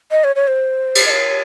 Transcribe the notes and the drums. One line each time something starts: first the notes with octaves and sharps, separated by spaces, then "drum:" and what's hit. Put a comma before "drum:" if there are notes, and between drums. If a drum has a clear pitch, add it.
D#5
C#5
C#5
C5
drum: cymbal
D#5
C#5